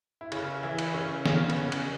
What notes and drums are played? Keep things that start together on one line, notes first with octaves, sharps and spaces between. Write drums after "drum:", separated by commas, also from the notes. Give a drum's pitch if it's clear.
E4
C#3 C#4, drum: cymbal
E3 E4
drum: cymbal
C#3 C#4
C#3 C#4, drum: snare
B3, drum: cymbal
C#3 C#4
drum: cymbal